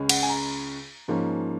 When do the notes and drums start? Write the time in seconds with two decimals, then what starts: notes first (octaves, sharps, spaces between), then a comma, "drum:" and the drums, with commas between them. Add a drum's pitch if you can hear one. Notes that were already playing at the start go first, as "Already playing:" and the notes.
Already playing: C#2 C#3 G#3 C#4
0.09 F#5, drum: cymbal
0.23 G#5
0.29 A#5
1.08 G#2 F3 A#3 C#4